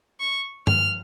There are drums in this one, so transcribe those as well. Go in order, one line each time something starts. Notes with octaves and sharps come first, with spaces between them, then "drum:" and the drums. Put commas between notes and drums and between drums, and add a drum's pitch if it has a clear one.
C#6
F6, drum: tom G2